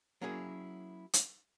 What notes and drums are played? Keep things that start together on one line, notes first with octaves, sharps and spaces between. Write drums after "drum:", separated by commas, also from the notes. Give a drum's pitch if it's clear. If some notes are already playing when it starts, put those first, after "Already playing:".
F#3 A#3 C#4 E4 G#4
drum: hi-hat